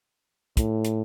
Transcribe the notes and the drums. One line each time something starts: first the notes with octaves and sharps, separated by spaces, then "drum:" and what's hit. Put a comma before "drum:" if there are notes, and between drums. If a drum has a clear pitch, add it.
A2, drum: kick, hi-hat
drum: hi-hat